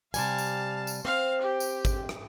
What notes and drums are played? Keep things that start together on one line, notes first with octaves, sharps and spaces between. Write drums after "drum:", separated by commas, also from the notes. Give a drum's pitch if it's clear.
C3 G3 F5 G#5 A5, drum: tambourine
drum: tambourine
drum: tambourine
C4 C5 F5
G4
drum: tambourine
drum: kick, tambourine
drum: rim click